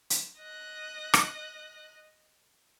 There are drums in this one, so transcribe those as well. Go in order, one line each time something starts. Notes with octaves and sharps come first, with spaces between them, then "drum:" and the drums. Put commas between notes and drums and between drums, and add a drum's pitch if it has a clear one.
drum: hi-hat
D#5 F#6
drum: rim click